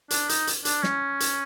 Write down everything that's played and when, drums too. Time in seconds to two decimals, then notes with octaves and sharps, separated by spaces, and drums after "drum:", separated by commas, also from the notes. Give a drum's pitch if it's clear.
0.10 D4, drum: hi-hat
0.29 D#4, drum: hi-hat
0.47 drum: hi-hat
0.65 D4, drum: hi-hat
0.83 C#4, drum: snare
1.20 drum: hi-hat